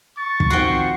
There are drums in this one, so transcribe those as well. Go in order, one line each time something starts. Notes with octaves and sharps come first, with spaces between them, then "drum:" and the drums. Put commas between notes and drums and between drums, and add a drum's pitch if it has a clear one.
C#6 A6
drum: kick
D#3 F3 C4 F#4 G5 C7